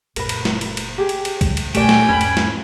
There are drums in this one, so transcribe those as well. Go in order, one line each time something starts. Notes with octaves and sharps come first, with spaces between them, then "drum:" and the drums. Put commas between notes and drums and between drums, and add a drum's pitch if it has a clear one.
F#1 A#2 A#4 B4, drum: cymbal
drum: cymbal
drum: snare
drum: cymbal
drum: cymbal
G4 G#4
drum: cymbal
drum: cymbal
C#2 F#3, drum: kick, cymbal
drum: cymbal
A#2 G#3 A3 G4 A#4 D5 G5 G#5, drum: cymbal
drum: snare
E2 G#2 C#4 B4 B5
drum: cymbal
drum: snare